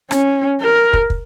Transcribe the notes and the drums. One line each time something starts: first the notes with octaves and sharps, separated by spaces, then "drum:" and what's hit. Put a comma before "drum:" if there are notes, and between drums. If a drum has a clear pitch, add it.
C#4, drum: rim click
A#4
drum: kick
drum: kick